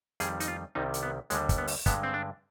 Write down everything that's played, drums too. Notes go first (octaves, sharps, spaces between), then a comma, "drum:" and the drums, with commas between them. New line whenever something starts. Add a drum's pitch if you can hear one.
F2 D#3 G3 G#4, drum: hi-hat
D#4, drum: hi-hat
F4
C2 C3 D#3 G3 D#4
drum: hi-hat
B3
D#2 D3 G3 G#3, drum: hi-hat
drum: kick, hi-hat
B3
drum: open hi-hat
G2 D3 G#3 B3, drum: kick, hi-hat
C4
D4